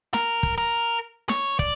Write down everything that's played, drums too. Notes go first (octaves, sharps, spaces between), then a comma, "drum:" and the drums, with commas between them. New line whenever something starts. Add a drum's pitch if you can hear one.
A#4, drum: snare
drum: kick
A#4
C#5, drum: snare
D5, drum: kick